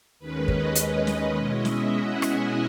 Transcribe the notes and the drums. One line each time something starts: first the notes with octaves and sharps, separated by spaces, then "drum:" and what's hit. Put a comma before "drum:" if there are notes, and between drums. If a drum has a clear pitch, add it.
D#2 D#3 G#3 C#4 B4
D#5, drum: kick
drum: hi-hat
D#5, drum: snare
B2 G#3 C#4 E4
E5, drum: snare
F#5
G#5, drum: rim click